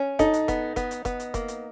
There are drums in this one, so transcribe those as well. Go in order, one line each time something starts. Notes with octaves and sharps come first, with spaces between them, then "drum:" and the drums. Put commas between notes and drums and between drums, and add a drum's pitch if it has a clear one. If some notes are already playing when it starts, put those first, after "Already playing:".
Already playing: C#4
D#4 A4, drum: kick F1, hi-hat
drum: hi-hat
B3, drum: kick F1, hi-hat
B3, drum: kick F1, hi-hat
drum: hi-hat
B3, drum: kick F1, hi-hat
drum: hi-hat
A#3, drum: kick F1, hi-hat
drum: hi-hat